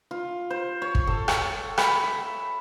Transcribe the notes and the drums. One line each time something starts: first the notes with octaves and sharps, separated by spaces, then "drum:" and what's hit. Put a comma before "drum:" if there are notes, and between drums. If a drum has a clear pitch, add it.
F4
C5
C#5
drum: kick
A4
drum: rim click
B5, drum: rim click
E5